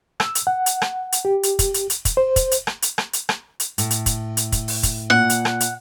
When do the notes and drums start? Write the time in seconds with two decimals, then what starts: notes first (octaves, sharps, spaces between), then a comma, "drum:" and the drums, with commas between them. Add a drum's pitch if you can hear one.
0.20 E6, drum: rim click
0.35 drum: hi-hat
0.47 F#5
0.66 drum: hi-hat
0.82 drum: rim click
1.12 drum: hi-hat
1.25 G4
1.43 drum: hi-hat
1.59 drum: kick, hi-hat
1.74 drum: hi-hat
1.90 drum: hi-hat
2.05 drum: kick, hi-hat
2.17 C5
2.36 drum: kick, hi-hat
2.51 drum: hi-hat
2.67 drum: rim click
2.82 drum: hi-hat
2.98 drum: rim click
3.13 drum: hi-hat
3.29 drum: rim click
3.60 drum: hi-hat
3.78 A2, drum: hi-hat
3.91 drum: hi-hat
4.06 drum: kick, hi-hat
4.37 drum: hi-hat
4.52 drum: kick, hi-hat
4.68 drum: open hi-hat
4.83 drum: kick, hi-hat
5.10 A#2 F#5
5.30 drum: hi-hat
5.45 drum: rim click
5.60 drum: hi-hat